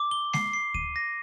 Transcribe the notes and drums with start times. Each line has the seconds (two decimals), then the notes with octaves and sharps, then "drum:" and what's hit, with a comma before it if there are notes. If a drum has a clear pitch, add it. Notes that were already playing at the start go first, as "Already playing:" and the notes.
Already playing: D6
0.11 G7
0.33 C7, drum: snare G#3
0.53 C7
0.74 D#7, drum: kick D2
0.96 A#6